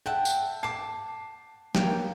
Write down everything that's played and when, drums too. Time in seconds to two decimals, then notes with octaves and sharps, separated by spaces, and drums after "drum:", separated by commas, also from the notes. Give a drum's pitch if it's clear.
0.06 E5 F#5 G5 A5
0.25 drum: tambourine
0.63 A5 D6 C7
1.75 A#3 C#5 G5, drum: snare